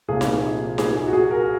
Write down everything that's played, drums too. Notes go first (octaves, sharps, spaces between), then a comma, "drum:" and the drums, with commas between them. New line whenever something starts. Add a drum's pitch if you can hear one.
C2 A#2 F3 G#4
drum: snare D#4
G#4, drum: snare D#4
G#4
F#4
G#4
A#4